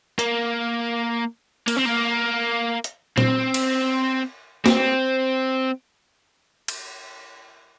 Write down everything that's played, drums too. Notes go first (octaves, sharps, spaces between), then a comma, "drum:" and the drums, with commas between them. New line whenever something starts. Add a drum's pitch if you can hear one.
A#3, drum: hi-hat
A#3, drum: cymbal
C4
A#3
drum: hi-hat
C4, drum: tom
drum: cymbal
C4, drum: snare
drum: cymbal